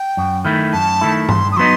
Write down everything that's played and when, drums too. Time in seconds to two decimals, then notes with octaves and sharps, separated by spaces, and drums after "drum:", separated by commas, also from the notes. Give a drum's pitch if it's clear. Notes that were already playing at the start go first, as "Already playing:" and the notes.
Already playing: G5
0.17 F#2
0.45 D#3 A3 E4
0.73 F#2 A5
1.01 D#3 A3 E4
1.29 G2 C6, drum: tom G2
1.52 D#6
1.57 F#3 B3 D#4 C6